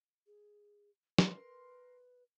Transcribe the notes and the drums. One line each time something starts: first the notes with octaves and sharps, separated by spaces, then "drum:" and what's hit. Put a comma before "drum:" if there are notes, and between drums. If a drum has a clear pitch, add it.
G#4
A#4 B4 C6, drum: snare